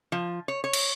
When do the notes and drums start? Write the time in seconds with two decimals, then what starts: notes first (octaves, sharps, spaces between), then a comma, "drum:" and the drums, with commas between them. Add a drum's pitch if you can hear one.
0.12 F3
0.48 C#5
0.64 C#5
0.73 drum: cymbal